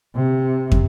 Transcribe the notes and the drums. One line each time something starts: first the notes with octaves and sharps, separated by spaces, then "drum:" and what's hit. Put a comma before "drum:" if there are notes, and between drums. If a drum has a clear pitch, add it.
C3
drum: kick